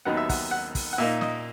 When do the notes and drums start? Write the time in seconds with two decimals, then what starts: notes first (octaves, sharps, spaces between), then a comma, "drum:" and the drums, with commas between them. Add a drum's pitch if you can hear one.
0.05 D#2 D#3 F#3 B3 D#4 F#5
0.17 E5
0.29 F#5, drum: kick, open hi-hat
0.51 F#5
0.75 drum: kick, open hi-hat
0.93 F#5
0.98 A#2 A#3 D#4 E5
1.21 D#5, drum: snare